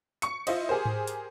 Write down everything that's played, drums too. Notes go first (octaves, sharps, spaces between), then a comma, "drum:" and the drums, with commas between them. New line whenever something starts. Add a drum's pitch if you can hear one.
C#6 C#7, drum: hi-hat
E4 F4 C5 D#5, drum: cymbal
G4 G#4 A#4 C5
drum: tom G#2
drum: hi-hat